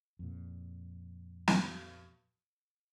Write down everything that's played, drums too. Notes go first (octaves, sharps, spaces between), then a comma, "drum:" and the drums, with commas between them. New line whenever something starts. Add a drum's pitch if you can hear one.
F2 A#2
drum: snare